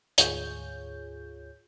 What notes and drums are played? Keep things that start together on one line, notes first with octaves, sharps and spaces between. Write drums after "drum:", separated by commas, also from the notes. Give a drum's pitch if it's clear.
D2 G#2 F4 G#4 C#5 G6, drum: hi-hat